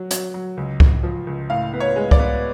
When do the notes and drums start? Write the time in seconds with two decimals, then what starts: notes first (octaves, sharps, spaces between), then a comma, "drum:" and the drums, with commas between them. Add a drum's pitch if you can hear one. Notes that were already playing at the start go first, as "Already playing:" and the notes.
Already playing: F#3
0.11 F#3, drum: hi-hat
0.34 F#3
0.57 C#2
0.80 C#2, drum: kick
1.03 F3
1.27 C#2
1.50 A2 F5
1.73 B3
1.80 C#5
1.96 G#3
2.11 D5, drum: kick
2.19 B3